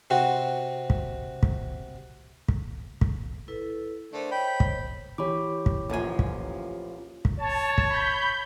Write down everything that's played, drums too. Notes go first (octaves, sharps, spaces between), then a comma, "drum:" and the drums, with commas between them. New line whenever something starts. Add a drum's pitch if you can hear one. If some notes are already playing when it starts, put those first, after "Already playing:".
C3 C4 F#4
drum: kick
drum: kick
drum: kick
drum: kick
E4 A4 B4
D3 A3 A#4 C5 D5
C5 C#5 D#5 G5 B5
drum: kick
E3 G4 C#5 B5 D6
drum: kick
A1 F#2 A#2 F3 G#5
drum: kick
drum: kick
C#5 A5
drum: kick
B5 G6